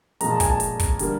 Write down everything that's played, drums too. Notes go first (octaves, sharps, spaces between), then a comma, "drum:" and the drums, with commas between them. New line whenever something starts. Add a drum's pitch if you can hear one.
A#2 F3 G#3 A#5, drum: hi-hat
A5
G#5, drum: kick, hi-hat
A5
drum: hi-hat
drum: kick, hi-hat
D3 G3 A#3, drum: hi-hat